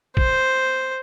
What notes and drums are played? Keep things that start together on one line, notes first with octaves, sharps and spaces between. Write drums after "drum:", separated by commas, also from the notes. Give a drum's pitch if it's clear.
C5, drum: kick